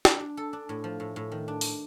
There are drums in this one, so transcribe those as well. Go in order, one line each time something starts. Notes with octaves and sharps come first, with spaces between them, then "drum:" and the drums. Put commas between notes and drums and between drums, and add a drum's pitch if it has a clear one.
D4, drum: snare
D4
A4
D4
A2
F3
A2
A2
D#3
D4
drum: open hi-hat